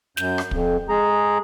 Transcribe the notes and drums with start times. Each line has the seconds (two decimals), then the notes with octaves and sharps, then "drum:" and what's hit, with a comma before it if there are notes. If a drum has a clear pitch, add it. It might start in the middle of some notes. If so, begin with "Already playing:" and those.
0.17 F#2 G6, drum: snare
0.38 drum: rim click
0.51 F2, drum: kick
0.89 G#3 G#4 A#5